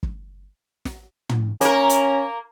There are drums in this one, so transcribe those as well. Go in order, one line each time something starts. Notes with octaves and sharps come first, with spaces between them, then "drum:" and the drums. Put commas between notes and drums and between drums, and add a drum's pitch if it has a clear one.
drum: kick G1
drum: snare
drum: tom
A#3 C#4 A#4, drum: hi-hat
drum: hi-hat